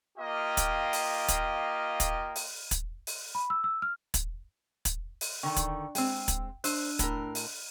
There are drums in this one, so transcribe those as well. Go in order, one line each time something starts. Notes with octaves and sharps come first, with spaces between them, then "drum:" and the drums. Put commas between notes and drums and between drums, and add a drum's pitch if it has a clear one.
A#3 F4 G4 D#5 F5 G5
drum: kick, hi-hat
drum: open hi-hat
drum: kick, hi-hat
drum: kick, hi-hat
drum: open hi-hat
drum: kick, hi-hat
drum: open hi-hat
B5
E6
E6
F6
drum: kick, hi-hat
drum: kick, hi-hat
drum: open hi-hat
D3 D#3 G5 C#6
drum: kick, hi-hat
G#3 C4 G5 E6, drum: open hi-hat
drum: kick, hi-hat
D4 C5 E6 F#6, drum: open hi-hat
A2 A#4, drum: kick, hi-hat
drum: open hi-hat